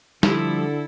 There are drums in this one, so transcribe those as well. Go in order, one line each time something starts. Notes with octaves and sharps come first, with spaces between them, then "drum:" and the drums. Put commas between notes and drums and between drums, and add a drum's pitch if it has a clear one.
D3 F3 G3 E4 A4, drum: snare